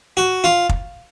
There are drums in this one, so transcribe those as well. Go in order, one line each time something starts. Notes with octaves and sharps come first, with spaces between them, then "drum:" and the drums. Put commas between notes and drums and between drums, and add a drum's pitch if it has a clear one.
F#4
F4
drum: kick